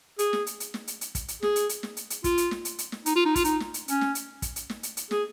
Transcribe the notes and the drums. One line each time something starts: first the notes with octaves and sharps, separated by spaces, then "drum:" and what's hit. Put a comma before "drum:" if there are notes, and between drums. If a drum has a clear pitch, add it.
G#4, drum: hi-hat
drum: snare
drum: hi-hat
drum: hi-hat
drum: snare
drum: hi-hat
drum: hi-hat
drum: kick, hi-hat
drum: hi-hat
G#4, drum: snare
drum: hi-hat
drum: hi-hat
drum: snare
drum: hi-hat
drum: hi-hat
F4, drum: kick, hi-hat
drum: hi-hat
drum: snare
drum: hi-hat
drum: hi-hat
drum: snare
D#4, drum: hi-hat
F4
D#4
F4, drum: kick, hi-hat
D#4, drum: hi-hat
drum: snare
drum: hi-hat
C#4, drum: hi-hat
drum: snare
drum: hi-hat
drum: kick, hi-hat
drum: hi-hat
drum: snare
drum: hi-hat
drum: hi-hat
G#4, drum: snare